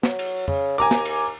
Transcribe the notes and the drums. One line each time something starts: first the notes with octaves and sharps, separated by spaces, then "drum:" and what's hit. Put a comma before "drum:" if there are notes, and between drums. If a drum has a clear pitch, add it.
F#3, drum: snare
drum: cymbal
C#3, drum: tom
D#2 G#5 A#5 D6
drum: snare
drum: cymbal